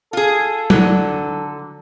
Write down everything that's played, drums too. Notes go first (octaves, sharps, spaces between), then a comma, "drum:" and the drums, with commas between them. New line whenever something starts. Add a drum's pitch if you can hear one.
F4 G#4 A4
D3 F#3, drum: tom